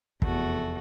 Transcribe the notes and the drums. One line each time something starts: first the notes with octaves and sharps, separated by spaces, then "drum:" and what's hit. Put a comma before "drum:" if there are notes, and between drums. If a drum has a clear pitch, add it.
F1 E2 A3 F#4, drum: kick